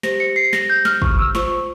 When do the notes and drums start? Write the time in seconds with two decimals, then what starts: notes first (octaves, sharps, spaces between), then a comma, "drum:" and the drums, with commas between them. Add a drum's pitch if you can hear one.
0.03 G4 C5 A#6, drum: snare
0.20 C#7
0.36 C7
0.53 A#6, drum: snare
0.70 G6
0.85 F6, drum: snare
1.02 C#6, drum: kick
1.19 E6
1.35 F4 C5 C#6, drum: snare